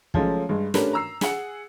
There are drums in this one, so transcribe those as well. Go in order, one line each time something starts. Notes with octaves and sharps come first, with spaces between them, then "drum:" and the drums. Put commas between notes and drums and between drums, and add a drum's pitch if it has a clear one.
C#3 F3 F#3 G#3 A3 C#4, drum: kick
G2 G#3
A3 C#4 D4 G4 A#4 B4, drum: snare
A#5 E6 C7
G#4 F#5, drum: snare